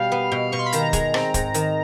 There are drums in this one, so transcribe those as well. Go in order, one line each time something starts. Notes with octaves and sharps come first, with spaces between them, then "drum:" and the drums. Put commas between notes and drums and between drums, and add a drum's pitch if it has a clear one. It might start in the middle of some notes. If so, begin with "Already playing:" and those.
Already playing: B2 G3 F5
B3
B2
B2 C#6
C6
B5
D#3 A#5, drum: hi-hat
G#3, drum: kick, hi-hat
C4, drum: rim click
G#2, drum: kick, hi-hat
D#3, drum: hi-hat